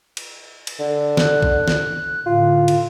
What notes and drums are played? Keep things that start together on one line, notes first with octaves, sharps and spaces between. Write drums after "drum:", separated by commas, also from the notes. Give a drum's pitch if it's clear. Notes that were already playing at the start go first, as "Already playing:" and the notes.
drum: cymbal
drum: cymbal
D3
F#6, drum: snare
drum: kick
drum: snare
A2 D3 F4
drum: cymbal